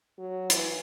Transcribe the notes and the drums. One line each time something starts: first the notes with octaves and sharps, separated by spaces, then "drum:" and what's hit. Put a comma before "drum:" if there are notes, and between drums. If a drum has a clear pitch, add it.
F#3
E3, drum: hi-hat